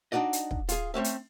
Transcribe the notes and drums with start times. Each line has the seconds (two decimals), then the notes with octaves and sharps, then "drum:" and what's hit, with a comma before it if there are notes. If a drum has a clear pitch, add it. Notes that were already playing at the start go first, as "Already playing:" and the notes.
0.12 D4 D#4 F#4 D5 D#5
0.33 drum: hi-hat
0.51 drum: kick
0.69 F4 G#4, drum: hi-hat
0.94 A3 C4 C#4 E5
1.04 drum: hi-hat